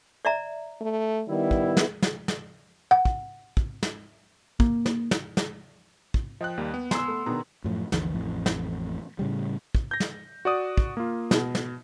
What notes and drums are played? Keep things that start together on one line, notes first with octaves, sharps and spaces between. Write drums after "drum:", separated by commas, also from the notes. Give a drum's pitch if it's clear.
D5 E5 A#5
A3
D#3 G3 B3 E4
drum: kick
drum: snare
drum: snare
drum: snare
F#5
drum: kick
drum: kick
drum: snare
A#3, drum: kick
drum: snare
drum: snare
drum: snare
drum: kick
F3 D#5 G5 F#6
D#2 G3 A#3
B3
G#5 A#5 C6 E6, drum: snare
A3
B2 D#3 B3 D4 G#4 A#5
F#2 A2 F3
G1 D2 E3 F3, drum: snare
A1 F2 A2
drum: snare
A2 C#3 G3
drum: kick
G6 A#6
drum: snare
F#4 D5 D#6
drum: kick
A#3 F4
B2, drum: snare
drum: snare